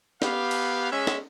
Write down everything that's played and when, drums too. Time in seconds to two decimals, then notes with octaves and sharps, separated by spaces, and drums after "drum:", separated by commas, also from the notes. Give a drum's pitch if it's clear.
0.22 B3 G4 F5, drum: snare
0.51 drum: cymbal
0.91 G#3 C#4 E5
1.07 drum: snare